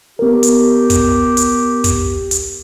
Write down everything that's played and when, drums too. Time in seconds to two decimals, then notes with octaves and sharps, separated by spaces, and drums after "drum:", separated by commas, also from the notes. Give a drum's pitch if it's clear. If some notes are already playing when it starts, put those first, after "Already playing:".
0.19 B3 G4 A#4
0.43 drum: hi-hat
0.90 drum: kick, hi-hat
1.37 drum: hi-hat
1.84 drum: kick, hi-hat
2.31 drum: hi-hat